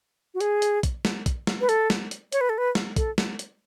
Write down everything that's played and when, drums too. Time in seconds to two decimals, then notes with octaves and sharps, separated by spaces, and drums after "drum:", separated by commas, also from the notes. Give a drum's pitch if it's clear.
0.34 F#4
0.41 G#4, drum: hi-hat
0.62 drum: hi-hat
0.83 drum: kick, hi-hat
1.05 drum: snare
1.26 drum: kick, hi-hat
1.47 drum: snare
1.61 B4
1.69 A4, drum: hi-hat
1.90 drum: snare
2.11 drum: hi-hat
2.32 C#5, drum: hi-hat
2.41 B4
2.49 A4
2.58 B4
2.75 drum: snare
2.96 A4, drum: kick, hi-hat
3.18 drum: snare
3.39 drum: hi-hat